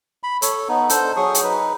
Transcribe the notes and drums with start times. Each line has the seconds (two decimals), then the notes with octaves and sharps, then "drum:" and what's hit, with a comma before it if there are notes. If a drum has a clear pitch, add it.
0.23 B5
0.42 A4 C#5, drum: hi-hat
0.69 B3 D#4
0.90 D4 A4 C5, drum: hi-hat
1.17 F#3 G#4 C#6 D#6
1.35 drum: hi-hat
1.44 D#4 B4